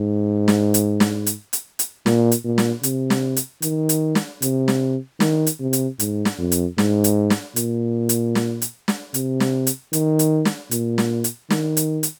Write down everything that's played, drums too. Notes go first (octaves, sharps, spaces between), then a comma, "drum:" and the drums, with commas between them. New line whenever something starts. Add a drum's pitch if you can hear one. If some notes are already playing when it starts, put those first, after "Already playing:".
Already playing: G#2
drum: snare
drum: hi-hat
drum: snare
drum: hi-hat
drum: hi-hat
drum: hi-hat
A#2, drum: snare
drum: hi-hat
A#2
drum: snare
C3, drum: hi-hat
drum: snare
drum: hi-hat
D#3, drum: hi-hat
drum: hi-hat
drum: snare
C3, drum: hi-hat
drum: snare
D#3, drum: snare
drum: hi-hat
C3
drum: hi-hat
G#2, drum: hi-hat
drum: snare
F2
drum: hi-hat
G#2, drum: snare
drum: hi-hat
drum: snare
A#2, drum: hi-hat
drum: hi-hat
drum: snare
drum: hi-hat
drum: snare
C3, drum: hi-hat
drum: snare
drum: hi-hat
D#3, drum: hi-hat
drum: hi-hat
drum: snare
A#2, drum: hi-hat
drum: snare
drum: hi-hat
D#3, drum: snare
drum: hi-hat
drum: hi-hat